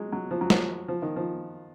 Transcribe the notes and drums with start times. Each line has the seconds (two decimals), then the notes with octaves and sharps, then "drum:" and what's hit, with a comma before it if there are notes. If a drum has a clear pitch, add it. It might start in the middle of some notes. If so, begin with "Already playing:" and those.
Already playing: F#3 G#3
0.12 F#3
0.31 F3
0.41 F#3
0.50 F3, drum: snare
0.88 F3
1.02 D#3
1.16 F3